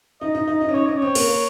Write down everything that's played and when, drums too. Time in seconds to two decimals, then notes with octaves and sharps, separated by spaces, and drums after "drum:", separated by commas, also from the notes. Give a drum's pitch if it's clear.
0.21 D#4 D#5
0.35 D#4
0.48 D#4
0.61 D#4
0.69 C#4
0.75 D#4 C#5
0.86 C#4 D#5
0.98 C4 C#5
1.15 A#3, drum: cymbal
1.28 A#3